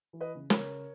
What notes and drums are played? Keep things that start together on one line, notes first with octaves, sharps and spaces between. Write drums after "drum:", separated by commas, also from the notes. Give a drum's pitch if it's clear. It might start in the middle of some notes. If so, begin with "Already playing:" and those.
E3
B4 D#5
C#3
A#4 C#5, drum: snare
C#3